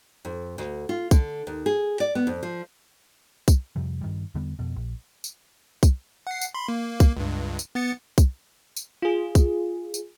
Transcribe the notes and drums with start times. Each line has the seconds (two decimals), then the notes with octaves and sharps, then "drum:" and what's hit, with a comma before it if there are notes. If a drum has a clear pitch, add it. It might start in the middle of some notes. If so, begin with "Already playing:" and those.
0.25 F2
0.58 D2
0.89 F4
1.11 D3, drum: kick, tambourine
1.47 D#2
1.66 G#4
2.00 D5
2.15 B3
2.27 F2
2.43 F3
3.48 drum: kick, tambourine
3.76 F2 C3 F3 G3
4.01 G2 D#3 G3
4.35 E2 D3 G3 B3
4.59 F2 B2
4.76 A#1
5.24 drum: tambourine
5.83 drum: kick, tambourine
6.27 F#5 C7
6.41 drum: tambourine
6.54 B5 C6
6.68 A#3
7.00 drum: kick, tambourine
7.17 C#2 G2
7.59 drum: tambourine
7.75 B3 A6 C#7
8.18 drum: kick, tambourine
8.76 drum: tambourine
9.02 F4 G#4
9.35 drum: kick, tambourine
9.94 drum: tambourine